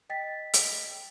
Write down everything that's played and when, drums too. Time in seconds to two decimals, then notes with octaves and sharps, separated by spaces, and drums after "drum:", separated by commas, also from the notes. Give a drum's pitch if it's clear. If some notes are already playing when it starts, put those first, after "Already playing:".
0.09 D#5 G5 A6 B6
0.53 drum: hi-hat